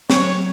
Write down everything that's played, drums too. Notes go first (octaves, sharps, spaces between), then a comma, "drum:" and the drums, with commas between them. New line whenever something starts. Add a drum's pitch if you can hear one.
F#3 C#5, drum: snare